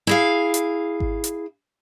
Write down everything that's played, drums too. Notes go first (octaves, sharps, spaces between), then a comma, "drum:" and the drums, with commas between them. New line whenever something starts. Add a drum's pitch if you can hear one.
E4 G#4 F5
drum: hi-hat
drum: kick G#1
drum: hi-hat